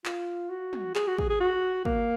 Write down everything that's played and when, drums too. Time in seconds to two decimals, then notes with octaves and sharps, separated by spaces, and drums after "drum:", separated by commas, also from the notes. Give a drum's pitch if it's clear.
0.05 F4, drum: clap
0.50 F#4
0.73 drum: tom
0.95 G#4, drum: clap
1.08 F#4
1.18 G#4, drum: kick
1.30 G#4
1.40 F#4
1.85 A#3, drum: kick